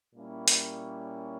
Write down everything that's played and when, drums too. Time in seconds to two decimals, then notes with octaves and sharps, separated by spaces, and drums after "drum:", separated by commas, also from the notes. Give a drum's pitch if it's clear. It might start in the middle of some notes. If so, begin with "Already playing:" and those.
0.14 A#2 G3 A#3 C#4 E4
0.48 drum: hi-hat